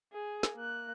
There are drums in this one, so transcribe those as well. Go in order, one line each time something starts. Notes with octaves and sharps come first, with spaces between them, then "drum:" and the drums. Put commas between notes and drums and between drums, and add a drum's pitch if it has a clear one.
G#4
drum: snare
A#3 F#6